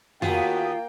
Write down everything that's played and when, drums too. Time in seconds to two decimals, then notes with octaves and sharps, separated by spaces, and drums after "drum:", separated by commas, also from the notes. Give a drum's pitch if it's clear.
0.22 D#2 A#3 B3 F4 F#4 G#4 G5, drum: tom F2